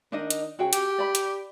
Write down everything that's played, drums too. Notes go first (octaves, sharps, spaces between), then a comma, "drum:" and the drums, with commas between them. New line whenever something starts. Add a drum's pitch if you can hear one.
D#3 D4 D#4 D#5
drum: hi-hat
C#3 F#4 G#4 G5
G4, drum: hi-hat
D5 B5
drum: hi-hat